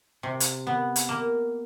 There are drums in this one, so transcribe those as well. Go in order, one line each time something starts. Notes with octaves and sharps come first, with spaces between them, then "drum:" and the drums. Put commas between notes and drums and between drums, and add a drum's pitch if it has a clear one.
C3
drum: hi-hat
B3
drum: hi-hat
A#3